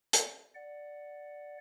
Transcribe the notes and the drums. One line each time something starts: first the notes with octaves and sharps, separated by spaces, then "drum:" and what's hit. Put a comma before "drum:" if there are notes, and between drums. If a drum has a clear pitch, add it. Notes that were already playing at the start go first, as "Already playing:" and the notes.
drum: hi-hat
D5 F#5